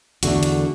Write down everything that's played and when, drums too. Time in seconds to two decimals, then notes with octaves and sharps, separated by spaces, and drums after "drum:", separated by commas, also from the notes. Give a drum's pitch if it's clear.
0.23 E2 D3 A3 F#4, drum: hi-hat
0.43 drum: hi-hat